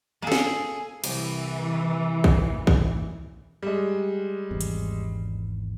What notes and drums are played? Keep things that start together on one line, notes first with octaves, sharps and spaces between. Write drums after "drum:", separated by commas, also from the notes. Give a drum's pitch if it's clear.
A#3 G#4 A4
drum: snare
C2 E3, drum: cymbal
drum: kick
drum: kick
G3 G#3
G#1 E2
drum: hi-hat